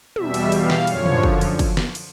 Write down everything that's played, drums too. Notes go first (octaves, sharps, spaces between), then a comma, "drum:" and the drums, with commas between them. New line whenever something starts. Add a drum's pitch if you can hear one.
E2 B2 G3 E5, drum: tom
drum: cymbal
F5, drum: cymbal
drum: snare
F#2 D3 F3 C#5, drum: cymbal
drum: tom
drum: kick
drum: cymbal
drum: kick, cymbal
drum: snare
drum: cymbal